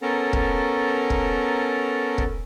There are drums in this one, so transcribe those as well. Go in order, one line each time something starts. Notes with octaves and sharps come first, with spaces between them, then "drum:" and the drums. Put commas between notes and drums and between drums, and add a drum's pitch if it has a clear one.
B3 C#4 A4 A#4 A5 A#5
drum: kick
drum: kick
drum: kick